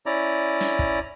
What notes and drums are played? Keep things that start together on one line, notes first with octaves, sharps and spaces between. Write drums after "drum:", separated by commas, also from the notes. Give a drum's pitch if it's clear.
C#4 E4 D5 A#5
drum: snare
drum: kick